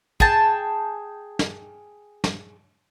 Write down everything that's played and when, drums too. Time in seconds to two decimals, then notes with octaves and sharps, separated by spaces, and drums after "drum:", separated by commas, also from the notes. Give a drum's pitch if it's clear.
0.20 G#4 G5 A5, drum: kick
1.39 drum: snare
2.24 drum: snare